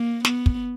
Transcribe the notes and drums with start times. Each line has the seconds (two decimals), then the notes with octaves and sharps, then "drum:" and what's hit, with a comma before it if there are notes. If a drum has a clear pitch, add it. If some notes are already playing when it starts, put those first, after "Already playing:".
Already playing: A#3
0.25 B3, drum: snare
0.46 drum: kick